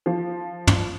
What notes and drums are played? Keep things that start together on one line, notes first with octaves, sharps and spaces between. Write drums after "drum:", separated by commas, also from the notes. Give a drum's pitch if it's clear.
F3
drum: tom